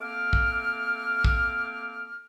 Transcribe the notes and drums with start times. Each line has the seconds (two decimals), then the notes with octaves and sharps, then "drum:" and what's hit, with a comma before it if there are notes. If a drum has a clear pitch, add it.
0.01 A3 A#3 C4 D6 F6
0.33 drum: kick
1.24 drum: kick